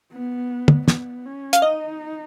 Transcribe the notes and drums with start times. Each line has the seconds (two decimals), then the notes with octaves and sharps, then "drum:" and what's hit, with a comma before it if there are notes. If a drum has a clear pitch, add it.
0.13 B3
0.68 drum: tom
0.88 B3, drum: snare
1.26 C#4
1.53 F5, drum: hi-hat
1.62 D#4 D#5